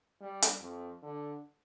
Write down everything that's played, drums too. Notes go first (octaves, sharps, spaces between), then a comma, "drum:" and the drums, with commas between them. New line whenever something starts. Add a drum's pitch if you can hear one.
G3
drum: hi-hat
F2
D3